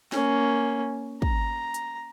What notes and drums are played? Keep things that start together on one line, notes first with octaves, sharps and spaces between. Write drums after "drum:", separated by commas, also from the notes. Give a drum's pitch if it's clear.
A#3 C#4, drum: snare
A#5, drum: kick
drum: hi-hat